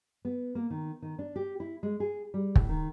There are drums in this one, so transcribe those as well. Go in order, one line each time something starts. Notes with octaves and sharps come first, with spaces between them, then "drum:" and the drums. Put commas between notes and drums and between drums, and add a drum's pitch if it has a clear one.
B3
A#3
D#3
D#3
D4
G4
E4
G#3
G#4
G3
A2, drum: kick
D#3